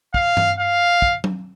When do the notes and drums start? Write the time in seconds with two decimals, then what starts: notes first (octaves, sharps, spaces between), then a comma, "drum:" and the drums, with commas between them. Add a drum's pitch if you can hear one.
0.14 F5, drum: kick
0.37 drum: tom G2
0.59 F5
1.02 drum: kick
1.24 drum: tom F#3